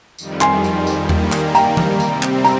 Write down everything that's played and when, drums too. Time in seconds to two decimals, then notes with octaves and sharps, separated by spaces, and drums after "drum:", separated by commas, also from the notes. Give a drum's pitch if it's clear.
0.19 F2 D#3 G3, drum: tambourine
0.41 G#5 C6, drum: clap
0.64 drum: tambourine
0.87 drum: tambourine
1.09 D#3 G3 A#3, drum: tom E2
1.32 drum: clap
1.55 G5 A#5, drum: tambourine
1.77 drum: tom E3
2.00 C3 G3 C4, drum: tambourine
2.22 drum: clap
2.44 A#5, drum: tambourine